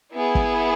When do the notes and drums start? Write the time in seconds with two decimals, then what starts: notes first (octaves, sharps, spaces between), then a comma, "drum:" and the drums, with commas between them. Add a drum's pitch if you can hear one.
0.13 B3 E4 G#4
0.35 drum: kick